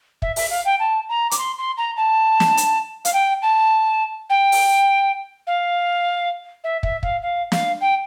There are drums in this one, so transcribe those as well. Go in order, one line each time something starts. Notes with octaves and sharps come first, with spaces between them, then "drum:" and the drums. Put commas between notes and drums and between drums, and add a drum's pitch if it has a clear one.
E5, drum: kick
E5, drum: open hi-hat
F5
G5
A5
A#5
D6, drum: hi-hat
C6
C6
A#5
A5
drum: snare
drum: hi-hat
F5, drum: hi-hat
G5
A5
G5
drum: open hi-hat
F5
E5
E5, drum: kick
F5, drum: kick
F5
F5, drum: snare
G5